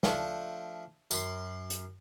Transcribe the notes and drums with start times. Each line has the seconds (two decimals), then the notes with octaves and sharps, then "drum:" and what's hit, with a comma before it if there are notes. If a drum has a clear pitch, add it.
0.03 F3 A3 D4, drum: snare
1.11 F#2 C6, drum: tambourine
1.70 drum: hi-hat